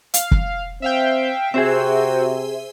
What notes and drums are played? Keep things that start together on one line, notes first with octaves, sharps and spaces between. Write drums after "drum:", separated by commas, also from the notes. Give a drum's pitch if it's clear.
F5, drum: hi-hat
drum: kick
C4 E5 F5 G5
C3 C4 F#4 G#4 C5 E5